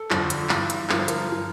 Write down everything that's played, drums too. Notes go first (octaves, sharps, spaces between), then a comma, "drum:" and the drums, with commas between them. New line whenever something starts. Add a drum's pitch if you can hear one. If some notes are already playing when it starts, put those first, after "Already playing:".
Already playing: A4
F2 D3 F3, drum: clap
drum: hi-hat
G2 E3, drum: clap
drum: hi-hat
G2 D3 F3 A#4, drum: clap
C5
A#4, drum: hi-hat
F3